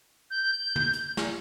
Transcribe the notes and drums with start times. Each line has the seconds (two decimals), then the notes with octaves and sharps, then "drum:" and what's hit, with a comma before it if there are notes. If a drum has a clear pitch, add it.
0.30 G6
0.76 drum: tom
0.93 drum: hi-hat
1.17 drum: snare